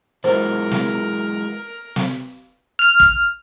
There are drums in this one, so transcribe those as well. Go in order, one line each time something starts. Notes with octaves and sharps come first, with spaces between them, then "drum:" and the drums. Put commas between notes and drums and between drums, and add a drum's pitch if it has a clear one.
E3 F#3 G#3 A#4 C5
drum: snare
drum: snare
F6
drum: kick